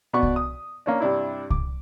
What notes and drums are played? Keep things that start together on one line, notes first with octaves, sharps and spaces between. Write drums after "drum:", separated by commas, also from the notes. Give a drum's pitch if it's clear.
B2 B3 F#4 D5 C#6
drum: kick C2
D#6
A#3 C#4 D4
G2 C3 D4 E4
D6, drum: kick C2